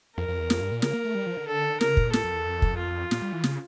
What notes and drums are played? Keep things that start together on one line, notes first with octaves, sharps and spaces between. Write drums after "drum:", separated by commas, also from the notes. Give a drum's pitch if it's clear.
F2 A#4
F2
E2
F2, drum: snare
G2
A#2
C#3 A#4, drum: snare
A#3
A3
G3
F3
D3
A4
C#3 A#4, drum: snare
A#2, drum: kick
A2 A4, drum: snare
F2
E2
F2
drum: kick
F4
A#2, drum: snare
G3
E3
C#3, drum: snare